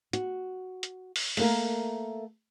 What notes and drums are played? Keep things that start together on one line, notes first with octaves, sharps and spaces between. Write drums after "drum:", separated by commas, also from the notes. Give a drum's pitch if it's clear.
F#4, drum: hi-hat
drum: hi-hat
drum: open hi-hat
A3 A#3 A#4, drum: open hi-hat